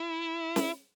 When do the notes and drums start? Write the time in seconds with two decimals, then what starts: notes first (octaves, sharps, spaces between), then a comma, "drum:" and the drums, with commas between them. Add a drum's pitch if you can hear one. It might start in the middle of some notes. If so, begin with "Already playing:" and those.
Already playing: E4
0.56 drum: snare